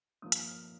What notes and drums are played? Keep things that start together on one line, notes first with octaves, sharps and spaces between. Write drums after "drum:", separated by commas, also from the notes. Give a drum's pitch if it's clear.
G2 F3 A#3 D#6
drum: hi-hat
F6